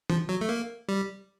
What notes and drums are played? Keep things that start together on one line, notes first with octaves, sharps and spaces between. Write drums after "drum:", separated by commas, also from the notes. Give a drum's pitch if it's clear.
F3, drum: tom
F#3
A3
A#3
G3